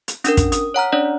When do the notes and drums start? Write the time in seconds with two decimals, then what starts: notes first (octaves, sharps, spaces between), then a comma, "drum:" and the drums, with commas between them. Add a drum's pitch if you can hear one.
0.08 drum: hi-hat
0.24 C#4 D4 A#4, drum: hi-hat
0.37 drum: kick, hi-hat
0.52 D#6, drum: hi-hat
0.74 C#5 F#5 A#5 F6
0.92 C#4 D4 C#5 D5